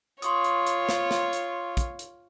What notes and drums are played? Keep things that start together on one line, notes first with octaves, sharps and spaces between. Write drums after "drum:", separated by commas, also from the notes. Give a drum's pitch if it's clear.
F4 C#5 C6 C#6 D#6, drum: hi-hat
drum: hi-hat
drum: hi-hat
drum: snare
drum: snare
drum: hi-hat
drum: kick, hi-hat
drum: hi-hat